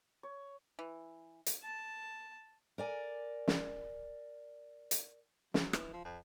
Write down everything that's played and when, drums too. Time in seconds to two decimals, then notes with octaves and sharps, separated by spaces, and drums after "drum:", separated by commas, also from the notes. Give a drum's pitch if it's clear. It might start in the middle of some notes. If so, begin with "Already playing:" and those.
0.23 C#5
0.79 E3
1.46 drum: hi-hat
1.63 A5
2.78 A#4 D5 G#5
3.48 drum: snare
4.91 drum: hi-hat
5.54 F#3, drum: snare
5.73 E3, drum: rim click
5.93 F3
6.05 F2